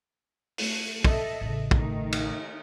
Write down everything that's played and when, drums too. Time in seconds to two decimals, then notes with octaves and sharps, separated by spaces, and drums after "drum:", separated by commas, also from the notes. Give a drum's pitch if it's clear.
0.58 A3, drum: open hi-hat
1.04 A4 D#5 E5, drum: kick
1.41 A1 C#3
1.71 D#3 A3 D#4, drum: kick
2.12 drum: cymbal